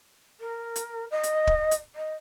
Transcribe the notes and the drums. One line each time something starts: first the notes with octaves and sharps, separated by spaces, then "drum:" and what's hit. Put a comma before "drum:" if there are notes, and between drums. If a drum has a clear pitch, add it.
A#4
drum: hi-hat
D#5
drum: hi-hat
drum: kick
drum: hi-hat
D#5